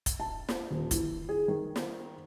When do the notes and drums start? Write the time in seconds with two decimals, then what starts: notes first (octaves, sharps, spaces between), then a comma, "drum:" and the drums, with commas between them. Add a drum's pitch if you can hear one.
0.06 drum: kick, hi-hat
0.20 A5
0.49 drum: snare
0.71 D#1
0.91 E3, drum: kick, hi-hat
1.29 G#4
1.48 D#3
1.76 drum: snare